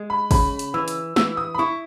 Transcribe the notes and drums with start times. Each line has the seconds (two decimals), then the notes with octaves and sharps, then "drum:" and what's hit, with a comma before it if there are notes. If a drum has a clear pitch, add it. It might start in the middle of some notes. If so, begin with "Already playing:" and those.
Already playing: G#3
0.10 B5
0.31 C#3 B5, drum: kick, open hi-hat
0.59 drum: hi-hat
0.74 E3 E6
0.88 drum: hi-hat
1.16 E3 E6, drum: snare
1.37 D#6
1.55 B5
1.59 E4 C#6